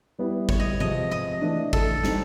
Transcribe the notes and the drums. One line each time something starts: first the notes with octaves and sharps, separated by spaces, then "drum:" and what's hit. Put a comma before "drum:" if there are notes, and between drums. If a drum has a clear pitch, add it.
G3 B3 E4 G4
C#5, drum: kick G#1
D#5
C3 F3 G#3 D#5
D#5
E3 A3 D4
A4, drum: kick G#1
G3 C4 D#4, drum: snare